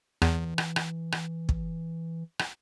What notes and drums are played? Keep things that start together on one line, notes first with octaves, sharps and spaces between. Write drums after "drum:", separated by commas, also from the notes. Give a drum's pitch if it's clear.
E2 E3, drum: rim click
drum: rim click
drum: rim click
drum: rim click
drum: kick
drum: rim click